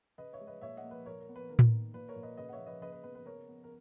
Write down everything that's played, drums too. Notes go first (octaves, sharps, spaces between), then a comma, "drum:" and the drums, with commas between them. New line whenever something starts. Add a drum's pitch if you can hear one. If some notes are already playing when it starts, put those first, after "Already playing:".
C#3 B4 D#5
C#5 E5
G#3
B4 D#5
A#2 C#5 E5
D#5 F#5
A#3
B4
A#2 A#4 C#5
A#4
B3
B4
D#3 A#4
drum: tom A2
A#3
A#2 B4
A#4 C#5
A#2
B4 D#5
C#3 B4 D#5
F#5
C#5 E5
A#3
B4 D#5
C#3 B4 D#5
B4
B3 B4
B4
C#3 A#4 C#5
B3
A#4